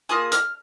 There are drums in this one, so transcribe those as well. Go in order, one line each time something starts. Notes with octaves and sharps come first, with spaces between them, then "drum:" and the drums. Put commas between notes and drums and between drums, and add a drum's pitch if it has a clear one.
A#3 F4 G#4 D#6
F6, drum: hi-hat